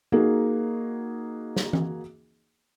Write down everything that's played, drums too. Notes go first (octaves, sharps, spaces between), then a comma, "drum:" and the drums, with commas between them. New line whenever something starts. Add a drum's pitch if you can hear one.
A#3 D#4 F#4 G#4
drum: snare
drum: tom E3